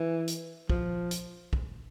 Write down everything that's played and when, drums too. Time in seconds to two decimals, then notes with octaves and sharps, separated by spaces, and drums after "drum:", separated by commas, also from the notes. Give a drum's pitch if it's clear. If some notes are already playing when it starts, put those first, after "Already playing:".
Already playing: E3
0.28 drum: hi-hat
0.70 F3, drum: kick
1.11 drum: hi-hat
1.53 drum: kick